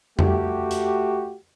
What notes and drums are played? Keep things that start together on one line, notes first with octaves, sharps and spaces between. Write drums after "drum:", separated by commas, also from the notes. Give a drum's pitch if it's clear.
A3 F#4 G4, drum: tom F2
drum: hi-hat